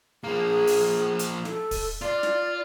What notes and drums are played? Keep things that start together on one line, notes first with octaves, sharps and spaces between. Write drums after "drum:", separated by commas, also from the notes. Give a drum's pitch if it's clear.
F3 A#3 G#4
drum: open hi-hat
drum: hi-hat
A4, drum: snare
drum: kick, open hi-hat
F4 D5
drum: snare